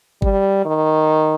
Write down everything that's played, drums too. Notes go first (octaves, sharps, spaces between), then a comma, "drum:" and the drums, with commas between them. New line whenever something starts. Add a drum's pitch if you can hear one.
G3, drum: kick G1
D#3